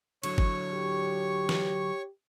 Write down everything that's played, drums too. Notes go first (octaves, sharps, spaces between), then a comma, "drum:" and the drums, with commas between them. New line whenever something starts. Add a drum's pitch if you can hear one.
D3 F#3 C#5 C#6, drum: cymbal
drum: kick G1
G4
drum: snare